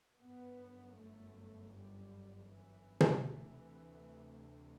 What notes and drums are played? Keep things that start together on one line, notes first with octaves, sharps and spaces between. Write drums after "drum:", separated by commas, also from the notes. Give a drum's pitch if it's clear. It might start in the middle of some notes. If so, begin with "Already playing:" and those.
G1 F#2 B3
A3
G3
E3
drum: tom
D2 C3 E3